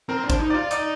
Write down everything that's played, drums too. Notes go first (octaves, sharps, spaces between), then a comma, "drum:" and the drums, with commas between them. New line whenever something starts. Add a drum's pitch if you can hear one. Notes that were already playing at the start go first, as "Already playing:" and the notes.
C4 A#4
D4
C5, drum: kick, hi-hat
D#4
F4 D5
D#4 D5, drum: hi-hat